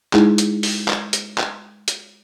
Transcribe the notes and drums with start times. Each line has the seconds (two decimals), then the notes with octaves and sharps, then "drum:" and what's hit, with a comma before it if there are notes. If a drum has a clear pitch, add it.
0.13 G#3 D#4 E4 G#4, drum: clap
0.38 drum: hi-hat
0.63 drum: open hi-hat
0.88 drum: clap
1.13 drum: hi-hat
1.38 drum: clap
1.88 drum: hi-hat